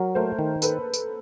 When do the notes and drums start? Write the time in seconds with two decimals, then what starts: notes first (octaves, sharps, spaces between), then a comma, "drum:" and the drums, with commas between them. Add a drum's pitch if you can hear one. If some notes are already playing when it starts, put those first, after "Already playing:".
Already playing: F#3 A#4
0.15 A3 A#4 C5
0.39 D#3
0.62 A4 B4, drum: tambourine
0.94 drum: tambourine